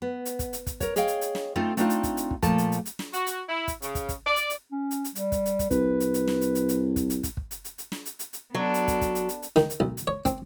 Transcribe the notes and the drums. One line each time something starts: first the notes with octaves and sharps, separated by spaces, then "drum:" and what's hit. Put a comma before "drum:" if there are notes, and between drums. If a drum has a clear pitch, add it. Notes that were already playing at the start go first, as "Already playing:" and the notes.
B3
drum: hi-hat
drum: kick, hi-hat
drum: hi-hat
drum: kick, hi-hat
A#4 C#5, drum: kick, hi-hat
G#4 C#5 D#5 F5 G5, drum: hi-hat
drum: hi-hat
drum: hi-hat
drum: snare
A3 C4 D#4 F4 A4
A3 C4 D4 D#4 F4, drum: hi-hat
drum: hi-hat
drum: kick, hi-hat
drum: hi-hat
drum: kick
A#2 F3 A3 A5, drum: kick, hi-hat
drum: hi-hat
drum: hi-hat
drum: hi-hat
drum: snare
F#4, drum: hi-hat
drum: hi-hat
E4
drum: kick, hi-hat
C#3, drum: hi-hat
drum: kick, hi-hat
drum: kick, hi-hat
D5
drum: hi-hat
drum: hi-hat
C#4
drum: hi-hat
drum: hi-hat
G3, drum: hi-hat
drum: kick, hi-hat
drum: hi-hat
drum: kick, hi-hat
C2 B4, drum: kick, hi-hat
drum: hi-hat
drum: hi-hat
drum: snare
drum: hi-hat
drum: hi-hat
drum: hi-hat
drum: kick, hi-hat
drum: hi-hat
drum: kick, hi-hat
drum: kick
drum: hi-hat
drum: hi-hat
drum: hi-hat
drum: snare
drum: hi-hat
drum: hi-hat
drum: hi-hat
F#3 B3 D4 A4
drum: hi-hat
drum: kick, hi-hat
drum: kick, hi-hat
drum: hi-hat
drum: hi-hat
drum: hi-hat
D#3, drum: snare
drum: hi-hat
B1
drum: hi-hat
C#5
C4, drum: kick, hi-hat